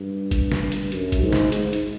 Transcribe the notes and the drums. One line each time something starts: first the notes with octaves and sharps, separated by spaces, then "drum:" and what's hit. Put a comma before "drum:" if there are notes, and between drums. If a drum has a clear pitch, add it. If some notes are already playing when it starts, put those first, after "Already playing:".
Already playing: G2
drum: kick G#1, hi-hat
drum: snare
drum: hi-hat
F#2, drum: hi-hat
drum: kick G#1, hi-hat
G#2
drum: snare
G#2, drum: hi-hat
drum: hi-hat